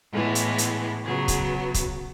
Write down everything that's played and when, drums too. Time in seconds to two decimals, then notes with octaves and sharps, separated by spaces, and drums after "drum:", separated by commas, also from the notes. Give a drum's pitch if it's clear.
0.12 A2 E3 G#3 B3
0.35 drum: hi-hat
0.58 drum: hi-hat
1.05 C#3 F#3 B3 G#4
1.28 drum: kick, hi-hat
1.74 drum: kick, hi-hat